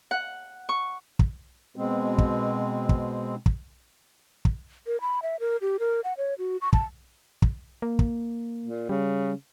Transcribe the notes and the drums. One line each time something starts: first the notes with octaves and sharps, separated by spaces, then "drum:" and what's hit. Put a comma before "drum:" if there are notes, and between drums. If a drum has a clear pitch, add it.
F#5
C#6
drum: kick
B2 G#3 C4
drum: kick
drum: kick
drum: kick
drum: kick
A#4
B5
E5
A#4
G4
A#4
F#5
C#5
F#4
C#6
A5, drum: kick
drum: kick
A#3
drum: kick
A#2
C#3 G3